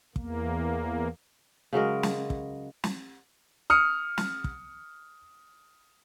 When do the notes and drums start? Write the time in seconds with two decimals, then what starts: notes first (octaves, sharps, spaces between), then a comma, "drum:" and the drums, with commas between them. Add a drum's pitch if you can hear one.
0.16 E2 A#3, drum: kick
1.73 C#3 F#3 G#3 A#4
2.03 drum: snare
2.30 drum: kick
2.84 drum: snare
3.70 D#6 F6 C#7
4.18 drum: snare
4.44 drum: kick